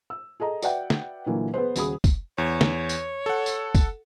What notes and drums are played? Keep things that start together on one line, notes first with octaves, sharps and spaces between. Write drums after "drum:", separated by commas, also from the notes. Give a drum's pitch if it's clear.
E6
G#4 A4 D#5 A#5
F#4 B4 D5 E5 F#5 G5, drum: tambourine
drum: snare
A#2 D3 E3 F#3 A#3
B3 G#4 B4 C5
D#1 C#3 F#4 G#4 B5 D#6, drum: tambourine
drum: kick, tambourine
E2 C#5
drum: snare
drum: tambourine
A4 F#5
drum: tambourine
drum: kick, tambourine